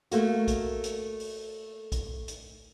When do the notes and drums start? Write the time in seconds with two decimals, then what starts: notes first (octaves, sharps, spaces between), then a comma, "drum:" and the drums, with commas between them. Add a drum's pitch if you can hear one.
0.11 A3 A#3 F#4, drum: hi-hat
0.48 drum: kick A#1, hi-hat
0.84 drum: hi-hat
1.20 drum: open hi-hat
1.92 drum: kick A#1, hi-hat
2.28 drum: hi-hat